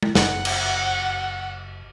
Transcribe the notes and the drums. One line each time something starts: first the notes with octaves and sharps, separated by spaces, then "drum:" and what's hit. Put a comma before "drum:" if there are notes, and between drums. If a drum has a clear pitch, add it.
drum: tom G#3
F#1 F#5, drum: snare
drum: cymbal